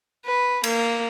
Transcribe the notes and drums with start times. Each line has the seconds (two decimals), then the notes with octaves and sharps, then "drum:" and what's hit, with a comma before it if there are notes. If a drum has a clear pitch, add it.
0.25 B4
0.64 A#3, drum: cymbal